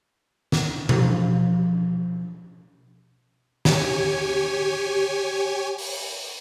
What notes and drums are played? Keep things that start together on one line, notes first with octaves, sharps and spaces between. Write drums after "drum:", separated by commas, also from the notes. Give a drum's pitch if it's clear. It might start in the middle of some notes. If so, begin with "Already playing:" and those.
drum: snare
F3, drum: tom B2
G4 C#5 G#5, drum: snare
drum: open hi-hat